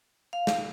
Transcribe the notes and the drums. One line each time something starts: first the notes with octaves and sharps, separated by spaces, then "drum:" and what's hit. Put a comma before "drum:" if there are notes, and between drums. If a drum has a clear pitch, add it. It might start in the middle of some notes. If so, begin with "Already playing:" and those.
F5
drum: snare